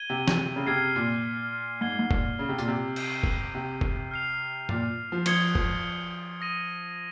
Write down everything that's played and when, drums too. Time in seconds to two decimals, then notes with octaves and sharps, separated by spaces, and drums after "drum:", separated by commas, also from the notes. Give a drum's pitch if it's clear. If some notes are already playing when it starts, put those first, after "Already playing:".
Already playing: G#6 D#7 G7
0.10 C3
0.28 drum: snare
0.56 C#3
0.67 C3 F6 G#6 C7
0.96 A#2
1.81 G#2 G#6 C7 G7
1.99 G#2
2.11 A#2, drum: kick
2.39 C#3
2.49 C3
2.58 A#2, drum: tambourine
2.68 C3
2.96 G6 C7 D#7, drum: cymbal
3.23 drum: kick
3.55 C3
3.81 drum: kick
4.11 F6 C7 F7
4.69 A#2, drum: tom
5.12 F3
5.26 F3 D#6 G#6 C#7 G7, drum: cymbal
5.55 F3, drum: kick
6.41 D#6 A#6 D#7